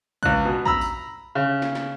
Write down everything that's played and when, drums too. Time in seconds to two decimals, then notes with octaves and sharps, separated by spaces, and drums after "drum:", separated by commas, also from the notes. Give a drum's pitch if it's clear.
0.23 C#2 F#6, drum: kick
0.45 B2
0.65 A#5 B5 E6, drum: kick
0.81 drum: tambourine
1.35 C#3
1.62 drum: snare
1.75 drum: snare